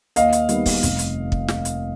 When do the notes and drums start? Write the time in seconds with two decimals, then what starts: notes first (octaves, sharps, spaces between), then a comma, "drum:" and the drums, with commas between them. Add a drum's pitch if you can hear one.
0.16 D#2 D#5 F5, drum: hi-hat
0.33 drum: hi-hat
0.49 D#3 G3 B3, drum: hi-hat
0.66 drum: kick, open hi-hat
0.83 F1, drum: hi-hat
0.99 drum: hi-hat
1.32 drum: kick
1.48 drum: snare
1.65 drum: hi-hat